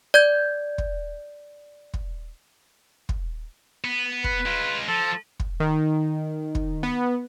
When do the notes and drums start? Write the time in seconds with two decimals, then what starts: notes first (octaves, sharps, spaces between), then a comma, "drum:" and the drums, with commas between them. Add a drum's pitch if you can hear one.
0.14 D5 G6 G#6
0.78 drum: kick
1.94 drum: kick
3.09 drum: kick
3.84 B3
4.24 B4, drum: kick
4.47 G#3 F4
4.88 F3 A4
5.40 drum: kick
5.60 D#3
6.55 drum: kick
6.83 B3